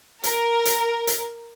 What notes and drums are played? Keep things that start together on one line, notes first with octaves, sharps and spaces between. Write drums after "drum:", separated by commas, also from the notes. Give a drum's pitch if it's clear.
A#4, drum: hi-hat
drum: hi-hat
drum: hi-hat